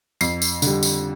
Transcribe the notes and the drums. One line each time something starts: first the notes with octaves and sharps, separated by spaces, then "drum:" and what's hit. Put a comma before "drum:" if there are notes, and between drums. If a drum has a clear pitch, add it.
F2 C7, drum: tambourine
drum: tambourine
D3 G3, drum: tambourine
drum: tambourine